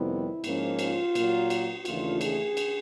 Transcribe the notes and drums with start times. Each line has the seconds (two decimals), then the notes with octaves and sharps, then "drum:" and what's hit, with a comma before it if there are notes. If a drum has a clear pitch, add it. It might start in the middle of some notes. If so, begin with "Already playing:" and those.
Already playing: F2 C3 D#3 G3 B3 E4
0.44 G#2 F3 A#3 C#4, drum: cymbal
0.79 F4, drum: cymbal
1.15 A#2 F#3 A#3, drum: cymbal
1.50 drum: cymbal
1.85 D#2 C#3 E3 A3 D4 F4, drum: cymbal
2.21 G#4, drum: cymbal
2.57 drum: cymbal